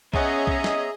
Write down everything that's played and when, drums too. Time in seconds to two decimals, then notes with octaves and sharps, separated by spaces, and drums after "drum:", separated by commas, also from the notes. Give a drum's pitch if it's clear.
0.14 B3 C#4 G#4 C#5 D#5 E5 G#5 A#5, drum: kick B1
0.47 drum: kick B1
0.64 drum: snare